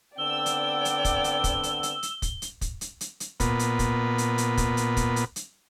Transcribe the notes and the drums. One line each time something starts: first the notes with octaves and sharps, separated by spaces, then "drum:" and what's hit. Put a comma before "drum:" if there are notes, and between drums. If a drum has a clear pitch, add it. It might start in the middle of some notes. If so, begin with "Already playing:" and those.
D3 B3 C4 D5 G5 E6 G7
drum: hi-hat
drum: hi-hat
drum: kick, hi-hat
drum: hi-hat
drum: kick, hi-hat
drum: hi-hat
drum: hi-hat
drum: hi-hat
drum: kick, hi-hat
drum: hi-hat
drum: kick, hi-hat
drum: hi-hat
drum: hi-hat
drum: hi-hat
A#2 B3, drum: kick, hi-hat
drum: hi-hat
drum: kick, hi-hat
drum: hi-hat
drum: hi-hat
drum: kick, hi-hat
drum: hi-hat
drum: kick, hi-hat
drum: hi-hat
drum: hi-hat